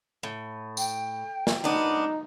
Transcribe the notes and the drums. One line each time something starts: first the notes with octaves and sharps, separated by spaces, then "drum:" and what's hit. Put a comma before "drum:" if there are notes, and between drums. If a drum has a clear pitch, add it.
A2
G5, drum: tambourine
drum: snare
B3 D4 D#4